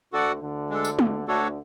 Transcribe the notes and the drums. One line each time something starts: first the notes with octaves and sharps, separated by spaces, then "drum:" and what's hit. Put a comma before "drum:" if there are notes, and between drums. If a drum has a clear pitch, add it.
D2 D3 F#4 A4 D5 F#5
D2 D3
G#3 D4 A4
drum: tambourine
drum: tom G#3
D2 D3 A3 D4 F#4 A4 C#5